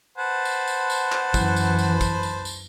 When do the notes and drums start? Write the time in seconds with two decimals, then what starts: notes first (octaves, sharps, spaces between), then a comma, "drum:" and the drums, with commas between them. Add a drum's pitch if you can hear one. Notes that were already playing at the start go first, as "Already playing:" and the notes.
0.18 B4 C5 F#5 A5
0.45 drum: tambourine
0.67 drum: tambourine
0.90 drum: tambourine
1.12 drum: clap
1.34 F#2 E3, drum: kick, tambourine
1.56 drum: tambourine
1.79 drum: tambourine
2.01 drum: kick, tambourine
2.23 drum: tambourine
2.45 drum: tambourine